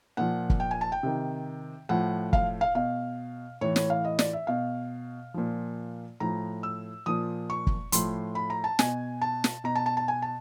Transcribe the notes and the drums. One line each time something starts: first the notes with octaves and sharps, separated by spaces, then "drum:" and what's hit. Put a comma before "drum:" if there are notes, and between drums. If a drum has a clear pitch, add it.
A#2 F3 F#5
drum: kick
G5
G#5
A5
G5
C3 D#3
A2 F3 F#5
F5, drum: kick
F5
B2 F5
A2 E3 C#5
C#5, drum: snare
F5
D#5
D5, drum: snare
E5
B2 F5
A#2 F3
A2 F3 A#5
E6
A#2 F3 D#6
C#6
drum: kick
A2 F3 C6, drum: hi-hat
B5
A#5
A5
B2 G#5, drum: snare
A5
drum: snare
B2 A#5
A5
A5
A5
G#5
A5